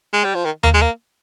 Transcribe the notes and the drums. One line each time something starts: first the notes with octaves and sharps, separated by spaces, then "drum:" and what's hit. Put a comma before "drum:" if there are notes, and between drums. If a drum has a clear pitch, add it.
G#3
G3
F3
D#3
A#3, drum: tom D#2
G#3
A#3